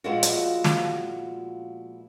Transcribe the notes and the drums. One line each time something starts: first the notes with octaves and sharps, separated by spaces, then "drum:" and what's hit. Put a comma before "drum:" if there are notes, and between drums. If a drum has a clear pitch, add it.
A#2 F3 G#3 B3 E4 F#4
drum: hi-hat
drum: snare